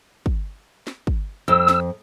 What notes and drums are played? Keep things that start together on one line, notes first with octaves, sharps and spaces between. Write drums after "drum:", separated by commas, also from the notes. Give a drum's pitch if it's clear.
drum: kick
drum: snare
drum: kick
F2 E6
drum: snare